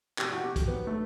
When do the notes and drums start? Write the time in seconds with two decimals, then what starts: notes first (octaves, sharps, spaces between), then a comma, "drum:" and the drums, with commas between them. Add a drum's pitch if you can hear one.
0.18 B2 G4, drum: clap
0.33 F#4
0.44 B2 G4
0.56 drum: kick, hi-hat
0.68 F#3 B3
0.87 A3